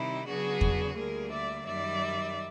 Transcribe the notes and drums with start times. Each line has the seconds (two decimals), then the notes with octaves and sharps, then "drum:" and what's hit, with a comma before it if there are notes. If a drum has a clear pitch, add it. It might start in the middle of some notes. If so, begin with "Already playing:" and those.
Already playing: C3 D#3 G3 C4 D#4 E4
0.26 C#3 F#3 B3 D4 F#4 G#4
0.61 drum: kick E2
0.96 D2 D3 G3 A#3 G#4 A#4
1.31 D5 E5
1.66 F#2 D#3 G3 D5 E5